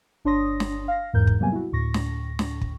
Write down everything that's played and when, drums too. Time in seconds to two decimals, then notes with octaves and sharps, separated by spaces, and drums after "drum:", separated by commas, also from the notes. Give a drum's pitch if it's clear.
0.25 G1 D4 C#5 C6 D#6 A#6
0.60 drum: snare
0.88 F5 A#6
1.13 E2 G#2 A#4 G6
1.27 drum: kick
1.40 C3 F#3 G3 A#3 B3 G#5
1.52 E4 F#4
1.72 D2 A2 C#6 A#6
1.94 drum: snare
2.39 drum: snare
2.61 drum: kick